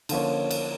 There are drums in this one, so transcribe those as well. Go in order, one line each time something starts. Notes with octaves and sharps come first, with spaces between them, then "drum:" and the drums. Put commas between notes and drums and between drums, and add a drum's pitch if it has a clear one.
D3 F3 A#3 C#4, drum: cymbal
drum: cymbal